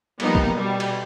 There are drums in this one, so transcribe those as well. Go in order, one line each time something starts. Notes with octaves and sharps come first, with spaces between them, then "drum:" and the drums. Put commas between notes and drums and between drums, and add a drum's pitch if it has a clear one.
F3 G3 A#3 B3 D#4, drum: cymbal
drum: kick
B2 G3
drum: cymbal